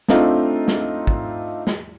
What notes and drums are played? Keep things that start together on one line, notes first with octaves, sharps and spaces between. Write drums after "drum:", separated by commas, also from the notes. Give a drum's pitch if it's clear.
A3 C4 D4 D#4 F4, drum: snare
drum: snare
drum: kick
drum: snare